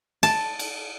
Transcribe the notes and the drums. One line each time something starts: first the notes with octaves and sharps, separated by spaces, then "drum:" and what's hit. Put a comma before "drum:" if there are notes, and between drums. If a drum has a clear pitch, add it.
A5, drum: cymbal
drum: cymbal